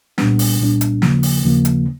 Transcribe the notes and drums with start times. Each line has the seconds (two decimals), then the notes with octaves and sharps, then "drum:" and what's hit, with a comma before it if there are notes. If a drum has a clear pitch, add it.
0.18 C2 A#2 G3 B3 D4, drum: snare
0.39 drum: open hi-hat
0.60 C2 A#2 G3 B3 D4
0.81 drum: hi-hat
1.02 D#2 C#3 F3 A#3, drum: snare
1.23 drum: open hi-hat
1.44 D#2 C#3 F3 A#3
1.65 drum: hi-hat